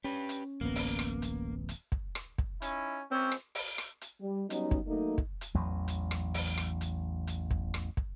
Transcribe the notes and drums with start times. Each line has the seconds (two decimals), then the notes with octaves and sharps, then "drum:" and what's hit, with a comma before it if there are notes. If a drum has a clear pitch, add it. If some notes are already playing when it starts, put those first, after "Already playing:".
0.04 C#4 G4 B4
0.29 drum: hi-hat
0.61 D1 A1 A#3 B3
0.75 drum: open hi-hat
0.99 drum: rim click
1.22 drum: hi-hat
1.69 drum: hi-hat
1.92 drum: kick
2.15 drum: rim click
2.38 drum: kick
2.62 C#4 D#4 E4, drum: hi-hat
3.12 C#2 C4 C#4
3.32 drum: rim click
3.55 drum: open hi-hat
3.78 drum: rim click
4.01 drum: hi-hat
4.21 G3
4.50 F#3 G3 B3 C#4 D#4, drum: hi-hat
4.71 drum: kick
4.87 F#3 A3 A#3 D#4
5.18 drum: kick
5.41 drum: hi-hat
5.54 A1 E2 F#3
5.88 drum: hi-hat
6.11 drum: rim click
6.34 drum: open hi-hat
6.57 drum: rim click
6.81 drum: hi-hat
7.27 drum: hi-hat
7.51 drum: kick
7.74 drum: rim click
7.97 drum: kick